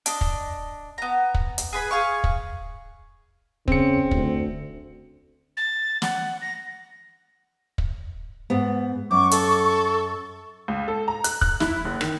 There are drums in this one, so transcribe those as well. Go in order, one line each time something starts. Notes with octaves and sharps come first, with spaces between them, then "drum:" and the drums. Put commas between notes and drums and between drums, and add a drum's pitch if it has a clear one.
D4 D#5, drum: hi-hat
drum: kick
B3 A#5
drum: kick
drum: hi-hat
G#4 B4 B5
G#4 F5 C#6
drum: kick
C#3 C4 C#7, drum: kick
D2, drum: kick
A6
F#5, drum: snare
A#6
drum: kick
G#2 B3
F#2 C#6 D6
A4, drum: hi-hat
C#2
A4
A#5
F#6, drum: hi-hat
F#6, drum: kick
E4, drum: snare
F#1
D#3, drum: rim click